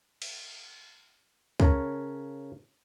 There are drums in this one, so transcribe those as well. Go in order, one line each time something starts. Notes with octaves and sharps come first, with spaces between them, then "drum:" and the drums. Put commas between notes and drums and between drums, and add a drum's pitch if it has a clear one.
drum: cymbal
C#3 A#4 C#5 A5, drum: kick C#2